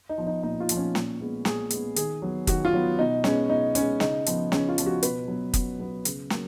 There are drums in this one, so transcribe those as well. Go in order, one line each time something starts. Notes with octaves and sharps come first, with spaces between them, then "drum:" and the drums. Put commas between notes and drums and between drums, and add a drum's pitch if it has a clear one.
D#4
F3 B3
D#4
A#2 D#4
F4
F3 B3, drum: hi-hat
C#4
A#2, drum: snare
G#3 B3
A#2 G#4, drum: snare
G#3 B3, drum: hi-hat
D#3 G#4, drum: hi-hat
F#3 B3
D#3 F#4, drum: kick, hi-hat
F4
F#3 B3
B2 D#4
G#3 B3 C#4, drum: snare
B2 D#4
G#3 B3 C#4, drum: hi-hat
C#3 D#4, drum: snare
F3 B3, drum: hi-hat
C#3 C#4, drum: snare
F4
F3 B3, drum: hi-hat
F#4
B2 B4, drum: hi-hat
F#3 B3
B2, drum: kick, hi-hat
F#3 B3
C#3, drum: hi-hat
F#3 A#3, drum: snare